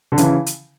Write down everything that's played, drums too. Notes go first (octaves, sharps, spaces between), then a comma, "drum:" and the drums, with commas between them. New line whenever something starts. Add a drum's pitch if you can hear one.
D3
C#3 E3, drum: hi-hat
drum: hi-hat